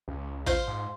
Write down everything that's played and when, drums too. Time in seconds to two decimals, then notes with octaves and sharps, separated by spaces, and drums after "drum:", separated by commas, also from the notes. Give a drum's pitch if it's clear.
0.08 C#2
0.46 F4 C5, drum: kick A1, open hi-hat
0.67 G#2